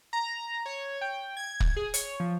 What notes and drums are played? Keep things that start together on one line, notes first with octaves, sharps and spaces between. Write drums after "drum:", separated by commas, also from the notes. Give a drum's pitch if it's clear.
A#5
C#5
G5
G#6
drum: kick
G#4
C#5, drum: hi-hat
F3